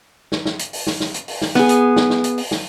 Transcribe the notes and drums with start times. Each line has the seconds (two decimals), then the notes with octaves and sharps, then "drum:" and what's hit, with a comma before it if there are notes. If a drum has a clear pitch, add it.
0.32 drum: snare
0.46 drum: snare
0.59 drum: hi-hat
0.73 drum: open hi-hat
0.87 drum: snare
1.00 drum: snare
1.14 drum: hi-hat
1.28 drum: open hi-hat
1.42 drum: snare
1.55 B3 G#4, drum: snare
1.69 drum: hi-hat
1.96 drum: snare
2.10 drum: snare
2.24 drum: hi-hat
2.38 drum: open hi-hat
2.51 drum: snare